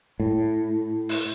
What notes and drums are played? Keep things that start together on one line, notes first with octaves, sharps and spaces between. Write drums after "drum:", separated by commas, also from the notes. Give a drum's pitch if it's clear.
A2
drum: open hi-hat